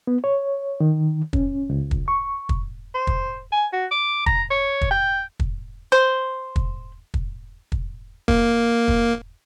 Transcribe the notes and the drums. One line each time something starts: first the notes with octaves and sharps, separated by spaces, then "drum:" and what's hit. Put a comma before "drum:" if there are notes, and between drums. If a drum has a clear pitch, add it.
B3
C#5
D#3
C#4, drum: kick
C#2
drum: kick
C#6
drum: kick
C5
drum: kick
G#5
F#4
D6
A#5, drum: kick
C#5
drum: kick
G5
drum: kick
C5
drum: kick
drum: kick
drum: kick
A#3, drum: kick
drum: kick